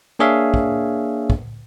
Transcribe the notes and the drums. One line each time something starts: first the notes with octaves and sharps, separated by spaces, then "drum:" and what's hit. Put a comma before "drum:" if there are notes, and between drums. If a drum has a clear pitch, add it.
A#3 D4 G#4 C#5 E5 F5
drum: kick
drum: kick